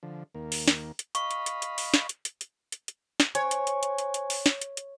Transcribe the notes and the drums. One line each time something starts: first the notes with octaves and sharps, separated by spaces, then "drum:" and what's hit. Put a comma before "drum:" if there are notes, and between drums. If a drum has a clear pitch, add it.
D3 F3
D#2 A#3
drum: open hi-hat
drum: snare
drum: hi-hat
D#5 F5 B5 C#6, drum: hi-hat
drum: hi-hat
drum: hi-hat
drum: hi-hat
drum: open hi-hat
drum: snare
drum: hi-hat
drum: hi-hat
drum: hi-hat
drum: hi-hat
drum: hi-hat
drum: snare
C5 C#5 G#5, drum: hi-hat
drum: hi-hat
drum: hi-hat
drum: hi-hat
drum: hi-hat
drum: hi-hat
drum: open hi-hat
drum: snare
drum: hi-hat
drum: hi-hat